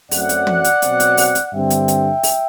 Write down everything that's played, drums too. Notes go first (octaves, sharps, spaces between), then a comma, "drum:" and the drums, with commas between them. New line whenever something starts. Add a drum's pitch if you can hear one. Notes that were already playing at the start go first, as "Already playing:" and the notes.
F#2 F#3 A3 C4 D5 F#5, drum: open hi-hat
drum: hi-hat
drum: tom
drum: hi-hat
B2 F#3 C4, drum: hi-hat
drum: hi-hat
drum: open hi-hat
drum: hi-hat
G2 D3 G3 C4 E5 G5
drum: hi-hat
drum: hi-hat
drum: open hi-hat